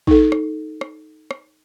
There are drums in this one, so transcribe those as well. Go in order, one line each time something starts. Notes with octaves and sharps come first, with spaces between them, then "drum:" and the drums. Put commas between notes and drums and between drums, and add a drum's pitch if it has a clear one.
D#4 A4, drum: kick
drum: rim click
drum: rim click
drum: rim click